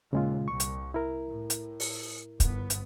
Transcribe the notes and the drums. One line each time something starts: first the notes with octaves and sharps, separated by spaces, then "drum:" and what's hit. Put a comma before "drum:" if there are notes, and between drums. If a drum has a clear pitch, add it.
D#2 A#2 C#3 G#3 F4
C2 C#6
drum: hi-hat
E4 A#4
A2
drum: hi-hat
drum: open hi-hat
G1 B3, drum: kick, hi-hat
drum: hi-hat